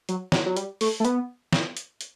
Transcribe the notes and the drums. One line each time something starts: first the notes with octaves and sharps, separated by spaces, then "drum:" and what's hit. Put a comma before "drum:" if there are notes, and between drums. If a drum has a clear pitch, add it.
F#3, drum: hi-hat
F#3, drum: snare
F#3
G3, drum: hi-hat
A3, drum: open hi-hat
A3
B3, drum: hi-hat
drum: snare
drum: hi-hat
drum: hi-hat